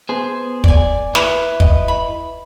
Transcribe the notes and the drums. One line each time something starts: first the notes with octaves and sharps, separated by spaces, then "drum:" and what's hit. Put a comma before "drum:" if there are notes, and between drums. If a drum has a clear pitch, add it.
B3 G#4 C5
D5 G#5, drum: kick
E4 B4, drum: snare
D#5, drum: kick
B5